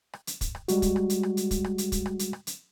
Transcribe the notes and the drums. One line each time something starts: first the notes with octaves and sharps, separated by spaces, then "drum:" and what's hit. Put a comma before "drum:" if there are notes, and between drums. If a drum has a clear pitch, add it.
drum: rim click
drum: hi-hat
drum: kick, hi-hat
drum: rim click
G3 G#3 F#4, drum: hi-hat
drum: kick, hi-hat
drum: rim click
drum: hi-hat
drum: rim click
drum: hi-hat
drum: kick, hi-hat
drum: rim click
drum: hi-hat
drum: kick, hi-hat
drum: rim click
drum: hi-hat
drum: rim click
drum: hi-hat